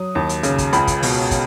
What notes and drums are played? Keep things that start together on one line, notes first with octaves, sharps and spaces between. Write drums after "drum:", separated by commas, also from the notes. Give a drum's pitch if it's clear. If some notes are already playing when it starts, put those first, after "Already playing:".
Already playing: F#3 D#6
D#2
drum: hi-hat
C#3, drum: hi-hat
drum: kick, hi-hat
C#2 B5, drum: hi-hat
drum: kick, hi-hat
B2, drum: open hi-hat
drum: kick, hi-hat